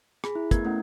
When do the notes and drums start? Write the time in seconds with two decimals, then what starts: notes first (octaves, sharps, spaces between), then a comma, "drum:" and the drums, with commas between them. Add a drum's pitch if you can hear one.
0.24 G#4 B5, drum: rim click
0.35 E4
0.51 A3 B3 A#4 G#6, drum: kick, hi-hat
0.65 A3 C#4 E4 F#5